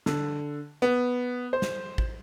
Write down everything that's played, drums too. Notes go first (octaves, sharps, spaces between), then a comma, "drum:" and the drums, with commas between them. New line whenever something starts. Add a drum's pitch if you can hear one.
D3, drum: snare
B3
C5
drum: snare
drum: kick G#1